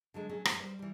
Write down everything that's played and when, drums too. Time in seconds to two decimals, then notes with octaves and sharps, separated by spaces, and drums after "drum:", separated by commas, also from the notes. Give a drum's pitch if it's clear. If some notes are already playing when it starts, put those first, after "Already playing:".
0.14 D3 F#3 G#3
0.29 F#3 A3 C#4 G#4
0.45 F#2 C#4, drum: rim click
0.60 G3 C5
0.79 E3 G3